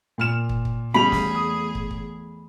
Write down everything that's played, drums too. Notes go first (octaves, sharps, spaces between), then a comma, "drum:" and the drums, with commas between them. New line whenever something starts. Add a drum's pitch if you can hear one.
A#2 F6 E7
drum: kick
drum: kick
E2 C#3 G3 A3 G#4 B5 F7
drum: snare
D#6
drum: kick
drum: kick